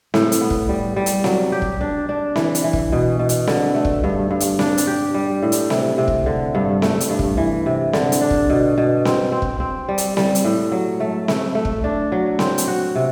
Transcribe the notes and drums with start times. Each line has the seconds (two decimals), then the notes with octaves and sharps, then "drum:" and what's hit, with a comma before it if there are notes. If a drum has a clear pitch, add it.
0.14 A2, drum: snare C4
0.32 drum: hi-hat
0.41 B3
0.50 drum: kick
0.69 G3
0.96 G3
1.06 drum: hi-hat
1.24 F#3, drum: snare C4
1.52 G4
1.62 drum: kick
1.81 D4
2.09 D4
2.36 E3, drum: snare C4
2.55 drum: hi-hat
2.64 E3
2.73 drum: kick
2.92 B2
3.19 B2
3.29 drum: hi-hat
3.47 D3, drum: snare C4
3.75 A3
3.85 drum: kick
4.04 G2
4.31 G2
4.40 drum: hi-hat
4.59 D4, drum: snare C4
4.78 drum: hi-hat
4.87 G4
5.14 G3
5.42 A2
5.52 drum: hi-hat
5.70 C3, drum: snare C4
5.98 C3
6.08 drum: kick
6.26 D3
6.55 G2
6.82 A3, drum: snare C4
7.00 drum: hi-hat
7.10 G2
7.19 drum: kick
7.37 E3
7.66 C3
7.93 D3, drum: snare C4
8.12 drum: hi-hat
8.21 D4
8.31 drum: kick
8.50 B2
8.78 B2
9.05 C4, drum: snare C4
9.32 C4
9.42 drum: kick
9.60 C4
9.89 G3
9.98 drum: hi-hat
10.17 G3, drum: snare C4
10.35 drum: hi-hat
10.44 A2
10.72 F#3
11.00 A3
11.28 A3, drum: snare C4
11.55 A3
11.65 drum: kick
11.84 D4
12.12 F#3
12.39 C4, drum: snare C4
12.58 drum: hi-hat
12.68 F#4
12.96 C3